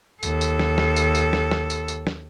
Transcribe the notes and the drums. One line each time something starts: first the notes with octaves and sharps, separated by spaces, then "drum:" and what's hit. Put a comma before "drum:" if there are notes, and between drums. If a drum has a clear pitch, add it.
D#2 A4, drum: tambourine
drum: tambourine
drum: snare
drum: snare
drum: tambourine
drum: tambourine
drum: snare
drum: snare
drum: tambourine
drum: tambourine
drum: snare